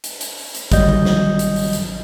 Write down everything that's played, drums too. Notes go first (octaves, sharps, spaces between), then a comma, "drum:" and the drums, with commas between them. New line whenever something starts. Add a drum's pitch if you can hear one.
drum: hi-hat
drum: hi-hat
drum: open hi-hat
drum: hi-hat
G#1 F#3 G3 D#5 G6, drum: kick, hi-hat
drum: tom D3
drum: snare
drum: hi-hat
drum: open hi-hat
drum: hi-hat